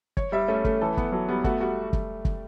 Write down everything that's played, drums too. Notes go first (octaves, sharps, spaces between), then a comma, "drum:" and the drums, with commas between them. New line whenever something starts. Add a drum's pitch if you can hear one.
C#5, drum: kick
G3 E5
A3 C#4
A3, drum: kick
E3 A4
B3, drum: kick
F#3 A4
G3 B3
A3 F#4, drum: kick
G3 F#4
drum: kick
drum: kick